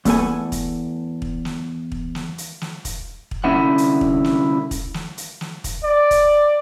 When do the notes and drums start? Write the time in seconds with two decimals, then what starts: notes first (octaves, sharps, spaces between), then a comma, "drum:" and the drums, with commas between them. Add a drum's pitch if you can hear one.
0.05 E2 A3 B3 A4 G#5, drum: kick, hi-hat
0.52 drum: kick, hi-hat
1.22 drum: kick
1.45 drum: snare
1.92 drum: kick
2.15 drum: snare
2.38 drum: hi-hat
2.61 drum: snare
2.85 drum: kick, hi-hat
3.31 drum: kick
3.44 C2 D3 C#4 E4 F#5
3.78 drum: hi-hat
4.01 drum: kick
4.24 drum: snare
4.71 drum: kick, hi-hat
4.94 drum: snare
5.18 drum: hi-hat
5.41 drum: snare
5.64 drum: kick, hi-hat
5.84 D5
6.11 drum: kick, hi-hat